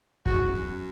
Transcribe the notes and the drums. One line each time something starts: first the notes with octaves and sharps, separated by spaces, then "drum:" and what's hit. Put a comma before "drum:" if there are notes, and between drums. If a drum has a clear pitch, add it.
E2 G#2 F#4, drum: kick
F#2
E2
F#2